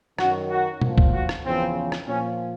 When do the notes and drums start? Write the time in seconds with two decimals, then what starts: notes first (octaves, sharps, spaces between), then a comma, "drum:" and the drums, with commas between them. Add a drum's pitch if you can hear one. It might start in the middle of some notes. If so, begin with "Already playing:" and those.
0.19 F#2 D#3 F#3 F#4, drum: rim click
0.51 F#4
0.81 A#2 F3, drum: tom B2
0.98 drum: kick
1.13 F#4
1.29 drum: rim click
1.45 E2 C#3 F3 C4
1.92 drum: rim click
2.08 A#2 F3 C#4